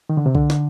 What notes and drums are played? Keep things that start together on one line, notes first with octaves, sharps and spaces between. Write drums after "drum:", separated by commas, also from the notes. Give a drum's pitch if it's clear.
D#3
D3
C3
D3, drum: kick B1
drum: snare